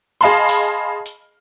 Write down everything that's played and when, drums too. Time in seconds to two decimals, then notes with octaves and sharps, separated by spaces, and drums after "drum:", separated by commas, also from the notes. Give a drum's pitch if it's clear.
0.21 G#4 D#5 F5 A5 B5 C6
0.49 drum: open hi-hat
1.06 drum: hi-hat